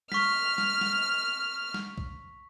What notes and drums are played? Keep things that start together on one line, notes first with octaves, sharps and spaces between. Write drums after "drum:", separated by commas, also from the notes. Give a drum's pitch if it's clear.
C#6 F6 B6, drum: snare
drum: snare
drum: snare
drum: snare
drum: kick B1